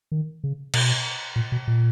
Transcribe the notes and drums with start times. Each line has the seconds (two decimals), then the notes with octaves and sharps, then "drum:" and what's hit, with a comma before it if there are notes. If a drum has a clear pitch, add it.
0.12 D#3
0.44 C#3
0.74 B2, drum: cymbal
1.36 A#2
1.52 B2
1.68 A#2